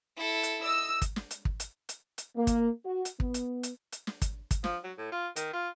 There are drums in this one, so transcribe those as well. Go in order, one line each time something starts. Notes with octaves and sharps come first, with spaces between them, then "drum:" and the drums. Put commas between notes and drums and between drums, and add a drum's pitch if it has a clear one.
E4 A4
drum: hi-hat
D#5 E6
drum: kick, hi-hat
drum: snare
drum: hi-hat
drum: kick
drum: hi-hat
drum: hi-hat
drum: hi-hat
A#3
drum: kick, hi-hat
F#4
drum: hi-hat
B3, drum: kick
drum: hi-hat
drum: hi-hat
drum: hi-hat
drum: snare
drum: kick, hi-hat
drum: kick, hi-hat
F3, drum: snare
F#3
A2
F4
D#3, drum: hi-hat
F4